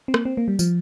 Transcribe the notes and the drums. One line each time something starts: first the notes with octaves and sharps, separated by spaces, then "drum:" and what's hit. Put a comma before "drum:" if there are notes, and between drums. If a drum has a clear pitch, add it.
C4
A#3, drum: rim click
C4
A#3
G3
F3, drum: tambourine